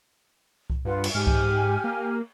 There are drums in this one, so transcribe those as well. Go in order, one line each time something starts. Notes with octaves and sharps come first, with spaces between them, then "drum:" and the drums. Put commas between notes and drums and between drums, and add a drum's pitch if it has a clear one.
drum: kick C2
G2 F4 B4 F#5
drum: cymbal
G#2 G4 G#5 F6
drum: kick C2
A#3